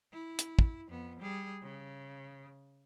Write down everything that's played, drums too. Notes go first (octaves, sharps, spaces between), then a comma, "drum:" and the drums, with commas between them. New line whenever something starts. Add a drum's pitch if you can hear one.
E4
drum: hi-hat
drum: kick
F2 B3
G3 G#4
C#3